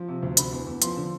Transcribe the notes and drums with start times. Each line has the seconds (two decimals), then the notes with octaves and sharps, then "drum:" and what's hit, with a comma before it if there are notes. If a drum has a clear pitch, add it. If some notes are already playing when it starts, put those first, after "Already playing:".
Already playing: F3
0.08 C3
0.23 D2
0.37 D3 B5, drum: hi-hat
0.53 E2
0.67 E2
0.82 F3 C6, drum: hi-hat
0.97 D3